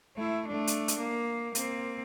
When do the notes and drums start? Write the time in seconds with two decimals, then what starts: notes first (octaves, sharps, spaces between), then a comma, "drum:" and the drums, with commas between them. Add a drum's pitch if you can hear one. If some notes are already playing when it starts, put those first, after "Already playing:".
0.17 A3 E4
0.48 A3 D4
0.67 drum: hi-hat
0.88 drum: hi-hat
0.99 A#3
1.55 A#3 C4, drum: hi-hat